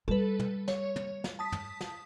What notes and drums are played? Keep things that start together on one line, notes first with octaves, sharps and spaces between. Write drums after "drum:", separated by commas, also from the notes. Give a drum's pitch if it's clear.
G3 A4 B4
drum: tom
C#5, drum: snare
drum: tom
drum: snare
A5 D#6 B6
drum: tom
drum: snare